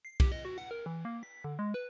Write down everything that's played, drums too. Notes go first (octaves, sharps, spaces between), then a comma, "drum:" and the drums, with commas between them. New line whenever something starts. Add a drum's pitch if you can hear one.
C7
G4, drum: kick B1, cymbal
D#5
F#4
F#5
A#4
E3
A#3
B6
D3
G#3
B4